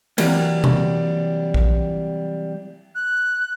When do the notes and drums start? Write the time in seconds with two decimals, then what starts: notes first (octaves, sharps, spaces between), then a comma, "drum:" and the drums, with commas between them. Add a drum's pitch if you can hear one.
0.18 C3 E3 F#3 G3 A#3, drum: cymbal
0.64 drum: tom B2
1.54 drum: kick A#1
2.95 F#6